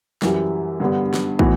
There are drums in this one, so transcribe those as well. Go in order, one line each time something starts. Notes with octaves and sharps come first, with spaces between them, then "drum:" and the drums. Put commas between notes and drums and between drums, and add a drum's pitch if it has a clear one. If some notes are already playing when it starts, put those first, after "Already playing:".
F#2 E3 G3, drum: snare
G2 D3 G3 B3
drum: snare
A2 E3 B3 F#4, drum: kick